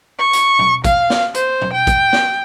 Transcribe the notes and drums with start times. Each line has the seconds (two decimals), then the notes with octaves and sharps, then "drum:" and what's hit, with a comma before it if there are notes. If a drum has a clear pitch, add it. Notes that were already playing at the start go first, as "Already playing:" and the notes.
0.19 C#6
0.33 drum: hi-hat
0.59 drum: tom B2
0.84 F5, drum: kick, hi-hat
1.10 drum: snare
1.34 C5, drum: hi-hat
1.61 drum: tom B2
1.73 G5
1.87 drum: kick, hi-hat
2.13 drum: snare